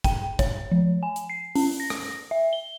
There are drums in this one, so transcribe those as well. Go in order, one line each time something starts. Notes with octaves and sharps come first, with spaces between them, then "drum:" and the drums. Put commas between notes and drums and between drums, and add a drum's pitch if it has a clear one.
G5, drum: kick, hi-hat
C#5, drum: kick, hi-hat
F3
G#5
drum: hi-hat
C7
C#4, drum: open hi-hat
A#6
drum: rim click
E5
G7